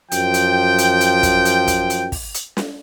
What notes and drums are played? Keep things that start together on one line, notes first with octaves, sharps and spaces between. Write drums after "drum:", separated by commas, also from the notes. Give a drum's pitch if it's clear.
F#2 F3 G5, drum: hi-hat
drum: hi-hat
drum: hi-hat
drum: hi-hat
drum: kick, hi-hat
drum: hi-hat
drum: kick, hi-hat
drum: hi-hat
drum: kick, open hi-hat
drum: hi-hat
drum: snare